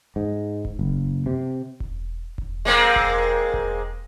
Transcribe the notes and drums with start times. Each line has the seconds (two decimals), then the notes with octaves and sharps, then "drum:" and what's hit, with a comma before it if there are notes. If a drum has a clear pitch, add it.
0.16 G#2
0.65 drum: kick E1
0.79 F#1
1.26 C3
1.80 drum: kick E1
2.38 drum: kick E1
2.65 G#3 A#3 C4
2.96 drum: kick E1
3.54 drum: kick E1